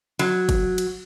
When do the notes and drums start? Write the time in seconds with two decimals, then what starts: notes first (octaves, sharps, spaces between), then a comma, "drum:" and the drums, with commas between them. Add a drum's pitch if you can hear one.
0.19 F#3, drum: cymbal
0.49 drum: kick, cymbal
0.78 drum: cymbal